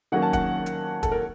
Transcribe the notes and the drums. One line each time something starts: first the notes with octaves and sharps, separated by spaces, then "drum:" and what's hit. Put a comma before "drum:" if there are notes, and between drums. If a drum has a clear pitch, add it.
D#3 F#3 A#3 C#4 F#5
A5
F#5, drum: kick, hi-hat
drum: hi-hat
A4, drum: kick, hi-hat
A#4